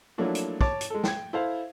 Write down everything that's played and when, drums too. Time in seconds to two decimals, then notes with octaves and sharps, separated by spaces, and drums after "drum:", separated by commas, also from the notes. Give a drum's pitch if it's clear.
0.18 F3 F#3 A3 A#3 D4 E4
0.35 drum: hi-hat
0.61 C#5 A5 D6 A6, drum: kick
0.81 drum: hi-hat
0.90 G#3 A4
1.04 G5 G#6, drum: snare
1.33 E4 A4 C5 E5 F5